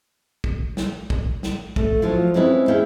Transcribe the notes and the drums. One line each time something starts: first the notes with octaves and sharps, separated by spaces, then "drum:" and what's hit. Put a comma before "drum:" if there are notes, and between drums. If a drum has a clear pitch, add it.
drum: kick
drum: snare
drum: kick
drum: snare
A3, drum: kick
F3 F#3 F4
G#3 C4 C#4 E4 G#4 B4
D#2 B3 E4 G#4 F5 G5